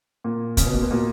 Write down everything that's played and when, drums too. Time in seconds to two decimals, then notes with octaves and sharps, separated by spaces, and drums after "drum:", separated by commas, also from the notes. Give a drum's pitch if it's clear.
0.24 A#2
0.57 C#3, drum: kick, hi-hat
0.66 B2
0.73 A#2
0.83 B2
0.91 A#2